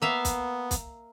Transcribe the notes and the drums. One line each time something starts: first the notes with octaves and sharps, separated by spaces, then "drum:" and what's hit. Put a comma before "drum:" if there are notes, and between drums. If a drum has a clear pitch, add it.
A#3 B3 E5 F5
drum: kick, hi-hat
drum: kick, hi-hat